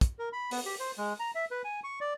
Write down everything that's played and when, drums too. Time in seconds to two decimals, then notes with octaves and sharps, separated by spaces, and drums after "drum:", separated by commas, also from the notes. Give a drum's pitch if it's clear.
0.01 drum: kick, hi-hat
0.19 A#4
0.33 B5
0.51 B3, drum: open hi-hat
0.66 G4
0.80 C5
0.98 G#3
1.20 A#5
1.35 E5
1.51 B4
1.64 G#5
1.84 C#6
2.01 D5